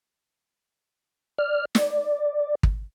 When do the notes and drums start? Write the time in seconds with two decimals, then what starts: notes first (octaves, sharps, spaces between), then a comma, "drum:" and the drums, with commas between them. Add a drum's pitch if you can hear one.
1.38 D5 F6
1.75 D5, drum: snare
2.63 drum: kick